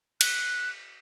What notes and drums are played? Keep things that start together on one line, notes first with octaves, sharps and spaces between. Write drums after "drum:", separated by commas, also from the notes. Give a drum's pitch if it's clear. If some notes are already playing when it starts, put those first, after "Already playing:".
F#6, drum: cymbal